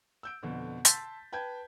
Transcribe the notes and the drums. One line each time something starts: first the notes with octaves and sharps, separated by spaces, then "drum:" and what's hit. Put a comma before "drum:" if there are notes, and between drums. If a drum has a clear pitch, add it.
E6 G6 D7
F2 B2 D3
A5 C6 E6 G6 A6 B6, drum: hi-hat
B4 G5 A5 G6 G#6